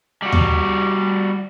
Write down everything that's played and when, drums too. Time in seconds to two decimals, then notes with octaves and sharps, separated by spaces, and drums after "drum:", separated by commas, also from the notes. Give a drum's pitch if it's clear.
0.22 G3 F#4
0.32 drum: tom D#2